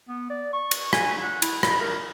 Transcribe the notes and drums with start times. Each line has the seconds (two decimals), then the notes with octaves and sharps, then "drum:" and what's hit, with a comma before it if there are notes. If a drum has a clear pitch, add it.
0.09 B3
0.30 D5
0.53 C#6
0.71 drum: cymbal
0.93 G#5, drum: rim click
1.22 F#5
1.42 E4, drum: cymbal
1.63 B5, drum: rim click
1.81 A#4